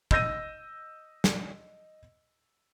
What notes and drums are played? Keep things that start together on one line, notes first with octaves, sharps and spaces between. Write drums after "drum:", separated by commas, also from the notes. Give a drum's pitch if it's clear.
D#5 E6 G6 A#6 D#7, drum: kick
drum: snare